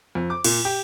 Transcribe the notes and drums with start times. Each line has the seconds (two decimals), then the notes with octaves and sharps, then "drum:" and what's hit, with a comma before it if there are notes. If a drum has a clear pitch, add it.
0.15 F2
0.30 D6
0.44 A#2, drum: cymbal
0.65 G4